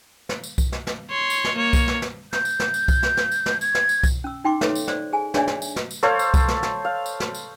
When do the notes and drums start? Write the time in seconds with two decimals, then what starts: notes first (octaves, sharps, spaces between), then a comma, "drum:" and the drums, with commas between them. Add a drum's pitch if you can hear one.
0.29 drum: snare
0.44 drum: tambourine
0.58 drum: kick C2, tambourine
0.72 drum: snare
0.87 drum: snare
1.10 C#5 C6
1.30 drum: tambourine
1.44 drum: snare
1.56 A#3 C#5
1.73 drum: kick C2, tambourine
1.88 drum: snare
2.02 drum: snare
2.33 G6, drum: snare
2.45 drum: tambourine
2.60 drum: snare
2.74 drum: tambourine
2.88 drum: kick C2, tambourine
3.03 drum: snare
3.17 drum: snare
3.31 drum: tambourine
3.46 drum: snare
3.61 G#6, drum: tambourine
3.75 drum: snare
3.89 drum: tambourine
4.03 drum: kick C2, tambourine
4.24 C#4 E6
4.44 D#4 G5 C6 D6
4.61 A4 C#5 E5 D6, drum: snare
4.75 drum: tambourine
4.88 C5 D5, drum: snare
5.13 G#4 G#5
5.34 D4 G#4 C#5 D5 E5 G#5, drum: snare
5.47 drum: snare
5.62 drum: tambourine
5.76 drum: snare
5.91 drum: tambourine
6.03 A4 C5 C#5 F5, drum: snare
6.19 drum: tambourine
6.34 drum: kick C2, tambourine
6.48 drum: snare
6.63 drum: snare
6.85 F5
7.06 drum: tambourine
7.20 drum: snare
7.35 drum: tambourine